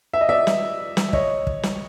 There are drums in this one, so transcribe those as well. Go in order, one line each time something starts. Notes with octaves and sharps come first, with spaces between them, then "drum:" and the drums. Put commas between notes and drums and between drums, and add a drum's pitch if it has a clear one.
E5
D#5
D5 E5
drum: snare
drum: snare
C#5 D#5, drum: kick
drum: kick
drum: snare